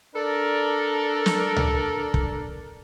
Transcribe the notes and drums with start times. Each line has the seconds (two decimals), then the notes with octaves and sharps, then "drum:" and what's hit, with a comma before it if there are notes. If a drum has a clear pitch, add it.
0.15 D4 A4 A#4
1.26 drum: snare
1.56 drum: tom C#2
2.14 drum: kick